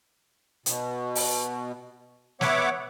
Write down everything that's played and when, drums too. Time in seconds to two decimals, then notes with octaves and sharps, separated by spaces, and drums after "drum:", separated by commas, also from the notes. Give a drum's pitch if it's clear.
0.66 B2, drum: hi-hat
1.15 drum: open hi-hat
2.41 B3 C#5 E5 F#5 D6, drum: snare